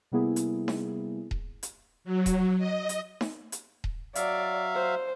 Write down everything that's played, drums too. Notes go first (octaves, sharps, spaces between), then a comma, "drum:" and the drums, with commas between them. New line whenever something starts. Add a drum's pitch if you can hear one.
C3 G3 A#3 B3 E4 G#4
drum: hi-hat
drum: snare D#4
drum: kick D#1
drum: hi-hat
F#3
drum: kick D#1, hi-hat
D#5
drum: hi-hat
drum: snare D#4
drum: hi-hat
drum: kick D#1
F#3 D5 E5 F5, drum: hi-hat
C5